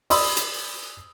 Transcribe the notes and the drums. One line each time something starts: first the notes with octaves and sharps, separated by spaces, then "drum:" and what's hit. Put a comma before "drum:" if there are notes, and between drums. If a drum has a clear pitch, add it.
D5 B5 C6 D#6 E6, drum: open hi-hat
drum: hi-hat